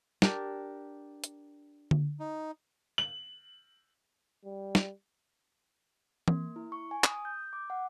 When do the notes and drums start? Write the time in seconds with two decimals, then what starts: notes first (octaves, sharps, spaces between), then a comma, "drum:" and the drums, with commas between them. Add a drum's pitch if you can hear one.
0.22 D4 G4 A#4, drum: snare
1.24 drum: hi-hat
1.91 drum: tom D3
2.20 D#4
2.98 F#7
4.45 G3
4.75 drum: snare
6.28 A#3, drum: tom E3
6.56 E4
6.72 C#6
6.91 G#5
7.04 D#6, drum: clap
7.25 G6
7.53 D6
7.70 F#5